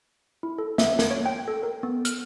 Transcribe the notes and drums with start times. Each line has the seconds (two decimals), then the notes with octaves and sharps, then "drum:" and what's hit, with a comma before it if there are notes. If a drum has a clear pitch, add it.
0.43 E4
0.58 A4
0.78 E5, drum: snare
0.99 A#4, drum: snare
1.11 C#5
1.26 G5
1.48 A4
1.63 A#4
1.83 B3
2.05 F6, drum: hi-hat